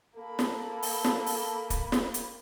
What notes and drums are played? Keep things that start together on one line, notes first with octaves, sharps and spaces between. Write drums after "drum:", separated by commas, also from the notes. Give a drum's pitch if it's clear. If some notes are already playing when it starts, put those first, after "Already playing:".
A#3 A4 B5
drum: snare
drum: open hi-hat
drum: snare
drum: open hi-hat
drum: kick D1, hi-hat
drum: snare
drum: hi-hat